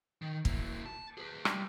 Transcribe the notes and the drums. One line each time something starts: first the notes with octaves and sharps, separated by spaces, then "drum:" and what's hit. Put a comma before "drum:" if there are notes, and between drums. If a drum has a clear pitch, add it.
D#3
A#3 E4, drum: kick
A5
G#4 B4
G3, drum: rim click